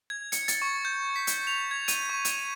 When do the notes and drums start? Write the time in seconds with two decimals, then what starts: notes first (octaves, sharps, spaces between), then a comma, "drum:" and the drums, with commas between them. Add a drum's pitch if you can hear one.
0.10 G#6
0.32 C#7, drum: hi-hat
0.48 A6, drum: hi-hat
0.62 C#6
0.85 G6
1.16 B6
1.27 drum: hi-hat
1.47 F7
1.71 G#6
1.88 D#7, drum: hi-hat
2.10 C#6
2.25 drum: hi-hat
2.39 D#7